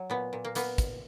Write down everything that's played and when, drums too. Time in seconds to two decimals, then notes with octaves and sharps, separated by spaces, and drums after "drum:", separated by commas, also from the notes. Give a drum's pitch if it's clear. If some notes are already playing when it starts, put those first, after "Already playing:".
Already playing: F#3
0.10 A#2 B3
0.33 A#2
0.45 A#3
0.55 A#3 B3, drum: hi-hat
0.78 drum: kick, hi-hat